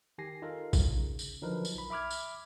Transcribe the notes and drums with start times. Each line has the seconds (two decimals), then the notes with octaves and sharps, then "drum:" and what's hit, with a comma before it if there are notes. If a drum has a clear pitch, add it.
0.18 D#3 G4 G#5 A#6 C7
0.42 D#4 F4 A4 A#4
0.73 drum: kick, tambourine
0.96 C#3
1.19 drum: tambourine
1.42 D3 F3 F#3 D#4 A#4 B4
1.65 drum: tambourine
1.75 B1 B5
1.90 E5 B5 D6 F6 G#6
2.11 drum: tambourine